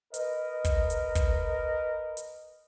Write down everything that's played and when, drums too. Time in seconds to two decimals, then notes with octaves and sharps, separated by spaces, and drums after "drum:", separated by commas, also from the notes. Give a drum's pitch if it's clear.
0.14 A#4 B4 D#5, drum: hi-hat
0.65 drum: kick, hi-hat
0.90 drum: hi-hat
1.15 drum: kick, hi-hat
2.17 drum: hi-hat